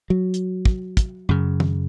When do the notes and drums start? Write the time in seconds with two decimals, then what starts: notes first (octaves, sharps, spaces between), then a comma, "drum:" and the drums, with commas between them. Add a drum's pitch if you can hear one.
0.10 F#3
0.34 drum: hi-hat
0.65 drum: kick
0.97 drum: kick, hi-hat
1.29 F#2 C#3
1.60 drum: tom